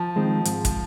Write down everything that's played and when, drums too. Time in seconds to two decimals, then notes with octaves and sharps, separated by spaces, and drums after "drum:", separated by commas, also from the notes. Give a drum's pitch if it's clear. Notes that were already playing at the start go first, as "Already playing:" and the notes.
Already playing: F3
0.16 D#3 G#3 C4
0.45 G#2, drum: hi-hat
0.65 drum: kick, hi-hat